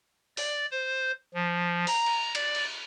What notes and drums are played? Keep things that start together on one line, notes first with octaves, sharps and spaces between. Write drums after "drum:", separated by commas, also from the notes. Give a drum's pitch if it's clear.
D5, drum: open hi-hat
C5
F3
A#5, drum: open hi-hat
drum: cymbal
D5, drum: cymbal
drum: cymbal